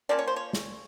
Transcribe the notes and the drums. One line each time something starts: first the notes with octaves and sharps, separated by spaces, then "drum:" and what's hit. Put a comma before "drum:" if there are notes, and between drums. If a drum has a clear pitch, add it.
F3 A#3 C#4 D5
C#5
C5
C#5
drum: snare